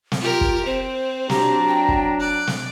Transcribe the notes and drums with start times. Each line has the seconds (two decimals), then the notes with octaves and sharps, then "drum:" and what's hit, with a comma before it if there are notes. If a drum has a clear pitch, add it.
0.12 drum: snare
0.21 F4 G4 A#4
0.41 drum: kick
0.66 C4 C5
1.30 F#3 D4 G4 A#5, drum: snare
1.68 G5
1.88 drum: kick
2.20 D5 F#6
2.47 drum: snare